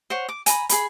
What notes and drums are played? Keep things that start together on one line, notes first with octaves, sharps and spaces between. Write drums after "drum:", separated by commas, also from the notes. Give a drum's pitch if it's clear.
C5 C#5 F#5
D6
G#5 A#5 B5, drum: hi-hat
G#4 B5, drum: hi-hat